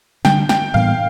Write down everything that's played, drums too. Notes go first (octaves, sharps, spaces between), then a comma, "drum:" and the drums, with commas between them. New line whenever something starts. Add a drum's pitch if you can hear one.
D3 G3 D4 G5, drum: snare
G5, drum: snare
A2 E3 G3 B3 F5